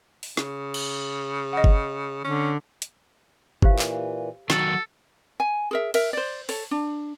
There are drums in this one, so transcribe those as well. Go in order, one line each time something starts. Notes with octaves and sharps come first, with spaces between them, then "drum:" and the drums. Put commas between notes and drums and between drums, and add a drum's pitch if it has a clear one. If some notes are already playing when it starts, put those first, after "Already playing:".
drum: open hi-hat
C#3, drum: snare
drum: cymbal
D#5 F#5
drum: kick G1
D3 C#4
drum: hi-hat
A#2 E3 G4 C5 F5, drum: kick G1
drum: clap
D#3 F#3 F#4 A4, drum: snare
G#5
G#4 A#4 E5
A#4 E5, drum: cymbal
C5 D5
A4 C#5, drum: open hi-hat
D4